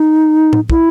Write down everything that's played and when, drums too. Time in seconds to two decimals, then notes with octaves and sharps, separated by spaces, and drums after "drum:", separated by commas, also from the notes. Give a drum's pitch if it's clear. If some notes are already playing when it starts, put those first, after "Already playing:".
Already playing: D#4
0.53 drum: tom A2
0.70 E4, drum: kick